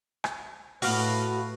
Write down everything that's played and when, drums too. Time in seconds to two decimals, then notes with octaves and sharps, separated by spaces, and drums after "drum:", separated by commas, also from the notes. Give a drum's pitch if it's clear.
0.24 drum: rim click
0.82 A2 F#4 B4 F5, drum: open hi-hat